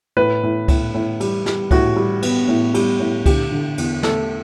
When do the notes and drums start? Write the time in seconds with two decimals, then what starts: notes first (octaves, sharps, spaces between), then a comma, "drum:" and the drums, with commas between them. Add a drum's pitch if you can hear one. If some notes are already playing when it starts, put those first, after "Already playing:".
0.17 A2 B4
0.43 A2
0.68 A2, drum: kick C#2, cymbal
0.94 A2
1.20 G3, drum: cymbal
1.46 G3, drum: snare
1.71 A2 F#4, drum: kick C#2, cymbal
1.96 G3
2.22 B3, drum: cymbal
2.48 A2
2.74 G3, drum: cymbal
2.99 A2
3.26 D3 G4, drum: kick C#2, cymbal
3.52 D3
3.78 E2, drum: cymbal
4.03 A3 A4, drum: snare